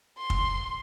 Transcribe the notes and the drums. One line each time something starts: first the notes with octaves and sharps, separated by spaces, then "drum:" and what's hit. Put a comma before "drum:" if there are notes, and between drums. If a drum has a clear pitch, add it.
C6
drum: kick